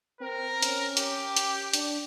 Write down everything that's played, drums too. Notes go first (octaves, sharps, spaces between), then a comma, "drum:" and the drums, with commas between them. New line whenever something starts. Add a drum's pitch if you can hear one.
C4 A#4
C#4, drum: hi-hat
G4, drum: hi-hat
drum: hi-hat
D4, drum: hi-hat